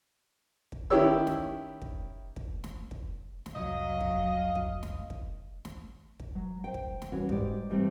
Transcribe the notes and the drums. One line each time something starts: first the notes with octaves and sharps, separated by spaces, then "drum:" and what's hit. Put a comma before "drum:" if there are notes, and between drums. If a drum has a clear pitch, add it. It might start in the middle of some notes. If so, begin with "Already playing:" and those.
drum: kick
D#3 C#4 E4 G4 C#5 E6
drum: snare
drum: kick
drum: kick
drum: snare
drum: kick
drum: snare
F1 C2 F#3 D#5 F5
drum: kick
drum: kick
drum: snare
drum: kick
drum: snare
drum: kick
F#3
C5 G5
drum: kick
drum: snare
E3 G3 C#4 F#4
G#2 G4 D5, drum: kick
E3 G3 A3 C4